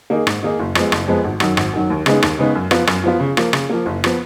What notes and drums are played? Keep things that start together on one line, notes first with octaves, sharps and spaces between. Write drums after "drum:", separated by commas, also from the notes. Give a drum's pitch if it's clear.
D#3 A#3 D#4 G#4
G#2, drum: rim click
D#3 A#3 D#4 G#4
F#1
F2 F3 G#3 B3, drum: rim click
F#1, drum: rim click
F2 F3 G#3 B3
G#1
F#2 D#3 F#3, drum: rim click
G#1, drum: rim click
F#2 D#3 F#3
D#2
C#3 G#3 B3 D#4, drum: rim click
D#2, drum: rim click
C#3 G#3 B3 D#4
F#2
F3 B3 F4, drum: rim click
F#2, drum: rim click
F3 B3 F4
C#3
F3 A#3, drum: rim click
C#3, drum: rim click
F3 A#3
F#1
F3 B3, drum: rim click